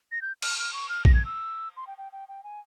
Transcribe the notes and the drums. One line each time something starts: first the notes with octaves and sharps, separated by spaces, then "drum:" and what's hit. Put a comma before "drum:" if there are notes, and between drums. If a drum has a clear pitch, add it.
A#6
G6
F6, drum: cymbal
F6
C#6
F6
A#6, drum: kick
G#6
E6
C6
G5
G5
G5
G5
G#5